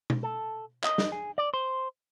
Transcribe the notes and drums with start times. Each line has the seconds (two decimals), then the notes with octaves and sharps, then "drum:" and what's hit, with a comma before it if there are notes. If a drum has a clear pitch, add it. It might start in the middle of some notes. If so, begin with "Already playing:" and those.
0.10 drum: tom B2
0.23 A4
0.84 D#5, drum: clap
0.98 drum: snare
1.12 G#4
1.38 D5
1.54 C5